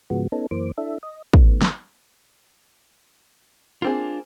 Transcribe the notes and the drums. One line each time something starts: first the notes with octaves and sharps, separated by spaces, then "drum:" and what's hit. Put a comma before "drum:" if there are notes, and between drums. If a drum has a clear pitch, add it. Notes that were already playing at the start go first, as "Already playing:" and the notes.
G#2 C#3 F3 G#3 B3 F#4
B3 C#4 D#4 A4
F#2 E3 A#3 C5 D6
D4 E4 A4 E5
D#5
D#3 A3 B3, drum: kick
drum: snare
A#3 C4 D4 F4 G#4